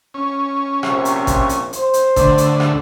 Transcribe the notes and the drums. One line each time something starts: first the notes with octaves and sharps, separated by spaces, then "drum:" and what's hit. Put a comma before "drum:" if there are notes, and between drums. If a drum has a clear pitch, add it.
C#4
A#1 C3, drum: rim click
drum: hi-hat
drum: kick G#1, hi-hat
drum: hi-hat
C5, drum: hi-hat
drum: hi-hat
D2 A2 D3, drum: kick G#1, hi-hat
drum: hi-hat
drum: rim click